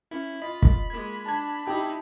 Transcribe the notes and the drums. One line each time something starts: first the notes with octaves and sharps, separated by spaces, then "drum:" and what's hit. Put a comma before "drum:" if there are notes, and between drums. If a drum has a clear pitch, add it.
C#4 E4
F4 D#5 B5
drum: kick
G#3 A#3 G#6
D4 A5 G#6
D#4 E4 G4